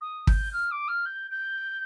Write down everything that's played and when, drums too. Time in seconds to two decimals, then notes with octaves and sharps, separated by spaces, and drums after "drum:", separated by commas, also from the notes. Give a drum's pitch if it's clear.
0.01 D#6
0.27 G6, drum: kick
0.53 F6
0.71 D6
0.88 F6
1.05 G6
1.30 G6